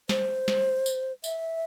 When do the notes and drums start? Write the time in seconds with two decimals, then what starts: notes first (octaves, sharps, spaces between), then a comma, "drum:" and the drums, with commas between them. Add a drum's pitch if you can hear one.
0.09 C5, drum: snare
0.48 drum: snare
0.86 drum: tambourine
1.24 E5, drum: tambourine